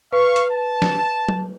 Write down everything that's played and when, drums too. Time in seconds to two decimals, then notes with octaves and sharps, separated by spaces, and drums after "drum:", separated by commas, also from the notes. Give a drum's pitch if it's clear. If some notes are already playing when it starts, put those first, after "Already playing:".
0.13 B4 F5 C#6
0.36 drum: hi-hat
0.51 A5
0.82 drum: snare
1.29 drum: tom F#3